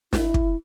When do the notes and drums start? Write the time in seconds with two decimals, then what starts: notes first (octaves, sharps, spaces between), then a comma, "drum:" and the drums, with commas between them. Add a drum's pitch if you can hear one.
0.13 E4, drum: snare
0.34 drum: kick